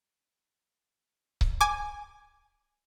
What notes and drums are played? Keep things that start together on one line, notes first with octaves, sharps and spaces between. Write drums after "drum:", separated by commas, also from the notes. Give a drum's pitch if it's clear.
drum: kick C#1
G#5 D6